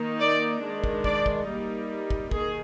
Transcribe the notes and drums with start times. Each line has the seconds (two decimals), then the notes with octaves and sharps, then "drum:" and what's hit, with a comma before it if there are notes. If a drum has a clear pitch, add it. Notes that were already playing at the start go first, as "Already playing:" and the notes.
Already playing: D#3 A#3 D#4
0.20 D5
0.63 D#3 G#3 D4
0.84 drum: kick
1.04 D5, drum: kick
1.26 drum: kick
1.46 G3 A#3 D#4
2.11 drum: kick
2.31 D#3 G#4, drum: kick